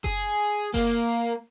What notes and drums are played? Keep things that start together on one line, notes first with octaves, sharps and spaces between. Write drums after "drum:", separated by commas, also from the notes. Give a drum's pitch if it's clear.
G#4, drum: kick F#1
A#3, drum: kick F#1